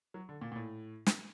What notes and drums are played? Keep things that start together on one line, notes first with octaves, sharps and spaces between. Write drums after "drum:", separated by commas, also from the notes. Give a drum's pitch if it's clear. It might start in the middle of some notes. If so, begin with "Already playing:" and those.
F#3
D3
A#2
A#2
A2
drum: snare